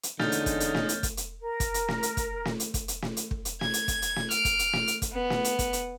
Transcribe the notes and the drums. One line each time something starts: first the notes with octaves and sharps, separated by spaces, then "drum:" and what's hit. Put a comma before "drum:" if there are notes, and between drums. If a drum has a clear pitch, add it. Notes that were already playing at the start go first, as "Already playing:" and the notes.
drum: hi-hat
E2 D3 G#3 C#4 D#4 F6 G6 A6, drum: snare
drum: hi-hat
drum: kick, hi-hat
drum: hi-hat
drum: snare
drum: hi-hat
drum: kick, hi-hat
drum: hi-hat
A#4
drum: kick, hi-hat
drum: hi-hat
drum: snare
drum: hi-hat
drum: kick, hi-hat
drum: snare
drum: hi-hat
drum: kick, hi-hat
drum: hi-hat
drum: snare
drum: hi-hat
drum: kick
drum: hi-hat
G#6, drum: snare
drum: hi-hat
drum: kick, hi-hat
drum: hi-hat
drum: snare
F6 D7, drum: hi-hat
drum: kick, hi-hat
drum: hi-hat
drum: snare
drum: hi-hat
drum: kick, hi-hat
B3
drum: snare
drum: hi-hat
drum: kick, hi-hat
drum: hi-hat